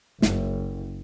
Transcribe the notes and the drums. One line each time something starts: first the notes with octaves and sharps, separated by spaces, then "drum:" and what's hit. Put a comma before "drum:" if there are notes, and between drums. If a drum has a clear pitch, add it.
F#1, drum: snare